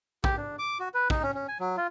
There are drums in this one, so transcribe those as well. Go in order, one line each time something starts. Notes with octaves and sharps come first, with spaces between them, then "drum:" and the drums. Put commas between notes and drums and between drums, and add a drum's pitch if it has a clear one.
G4, drum: kick
D4
D6
F#4
B4
D#4, drum: kick
C#4
C#4
G#5
F#3
F4